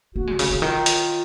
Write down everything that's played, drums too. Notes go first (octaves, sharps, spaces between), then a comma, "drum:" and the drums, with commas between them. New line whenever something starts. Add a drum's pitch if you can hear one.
A#3 F#4
G#3
C3
C#3, drum: open hi-hat
C#3
D#3 F4
drum: hi-hat